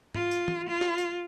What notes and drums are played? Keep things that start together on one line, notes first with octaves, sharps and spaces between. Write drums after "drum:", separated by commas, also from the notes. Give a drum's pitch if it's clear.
F4, drum: tom G#2
drum: tambourine
drum: tom
F4
drum: snare
drum: tambourine